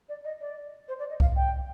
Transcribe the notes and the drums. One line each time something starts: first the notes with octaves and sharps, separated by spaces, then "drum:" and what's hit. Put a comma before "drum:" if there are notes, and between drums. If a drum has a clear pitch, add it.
D5
D#5
D5
C5
D5
D#5
F5, drum: kick C2
G5